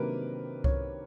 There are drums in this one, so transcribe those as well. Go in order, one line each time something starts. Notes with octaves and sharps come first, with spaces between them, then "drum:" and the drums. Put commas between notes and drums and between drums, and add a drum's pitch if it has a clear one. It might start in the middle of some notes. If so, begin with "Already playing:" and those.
Already playing: C3 D#3 F#3 A#3 D4 A#4 B4
C#5, drum: kick C2